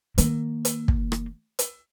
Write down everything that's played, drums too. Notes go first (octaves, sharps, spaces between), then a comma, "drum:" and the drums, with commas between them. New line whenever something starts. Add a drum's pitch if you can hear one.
D#3 A#3, drum: hi-hat
drum: hi-hat
drum: kick
drum: rim click
drum: hi-hat